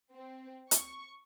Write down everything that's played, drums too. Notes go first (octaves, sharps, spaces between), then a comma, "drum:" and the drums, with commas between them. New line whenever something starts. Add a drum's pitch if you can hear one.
C4
C#6, drum: hi-hat